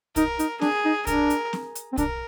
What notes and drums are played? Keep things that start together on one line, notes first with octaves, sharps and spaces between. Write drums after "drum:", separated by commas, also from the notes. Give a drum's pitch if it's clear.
D#4 A#4, drum: kick, hi-hat
D#4, drum: hi-hat
D4 G#4, drum: snare C4
D#4
D4 A#4, drum: kick, hi-hat
drum: hi-hat
drum: snare C4
drum: hi-hat
C4
D4 A#4, drum: kick, hi-hat